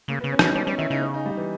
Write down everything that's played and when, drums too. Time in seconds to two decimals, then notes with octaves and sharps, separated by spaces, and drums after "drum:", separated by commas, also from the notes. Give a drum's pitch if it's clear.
0.08 C#3 A#3
0.21 B3
0.24 C#3
0.33 C#4
0.39 E3 D#4, drum: rim click
0.55 G3 C#4
0.67 G3 C#4
0.78 D#3 E4
0.90 C#3 D#4
1.02 C#4
1.14 D#4
1.26 G3
1.37 E3